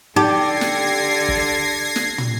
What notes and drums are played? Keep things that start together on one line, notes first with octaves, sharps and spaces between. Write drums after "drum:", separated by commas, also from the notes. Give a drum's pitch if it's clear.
D3 D#4 G4 A4 G#6 A#6 C7
drum: snare
drum: kick F#1
drum: snare
drum: tom